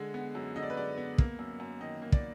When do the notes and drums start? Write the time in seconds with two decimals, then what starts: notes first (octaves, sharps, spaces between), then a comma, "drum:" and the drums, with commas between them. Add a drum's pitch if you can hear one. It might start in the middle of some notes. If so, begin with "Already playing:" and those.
Already playing: D3 G#3
0.14 B3
0.35 F#2
0.56 D3 D#5
0.63 D5
0.70 B4
0.77 G#3 D5
0.97 B3
1.18 A#3, drum: kick
1.39 F#2
1.60 F#2
1.81 D#3 D#5
2.02 A#3
2.12 D5, drum: kick